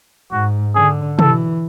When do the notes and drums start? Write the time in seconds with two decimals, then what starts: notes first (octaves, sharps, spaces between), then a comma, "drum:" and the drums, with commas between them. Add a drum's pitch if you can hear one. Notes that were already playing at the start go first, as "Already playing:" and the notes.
0.32 G#2 F#4
0.75 D3 G#4
1.19 E3 A4, drum: tom